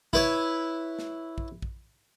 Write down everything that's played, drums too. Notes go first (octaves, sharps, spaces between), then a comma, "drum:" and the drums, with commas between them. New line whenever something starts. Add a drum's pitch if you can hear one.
E4 B4 C#5, drum: kick A#1
drum: snare
drum: kick A#1
drum: kick A#1